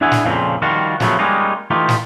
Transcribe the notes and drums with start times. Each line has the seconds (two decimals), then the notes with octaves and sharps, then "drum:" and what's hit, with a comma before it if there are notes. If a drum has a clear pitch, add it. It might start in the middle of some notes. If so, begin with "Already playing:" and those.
0.01 D4 E4 G#4 E5 F#5 G#5
0.12 drum: snare
0.25 F2 A#2 C#3 F3 C4
0.62 D#3 F3 G3 F4 F#4
1.00 C#3 F3 F#3 A3 B3, drum: snare
1.19 G3 G#3 A#3 C#4 D#4 F4
1.70 E3 A3 D#4 F4 G4
1.89 drum: snare